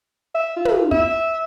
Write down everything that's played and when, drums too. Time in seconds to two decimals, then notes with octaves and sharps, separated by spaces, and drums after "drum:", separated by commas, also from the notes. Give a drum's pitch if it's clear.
0.34 E5
0.56 F4
0.65 drum: tom
0.91 E5, drum: kick